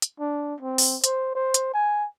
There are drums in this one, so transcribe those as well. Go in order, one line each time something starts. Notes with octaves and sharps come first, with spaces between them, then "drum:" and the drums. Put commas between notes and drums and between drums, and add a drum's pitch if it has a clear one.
drum: hi-hat
D4
C4
drum: open hi-hat
C5, drum: hi-hat
C5
drum: hi-hat
G#5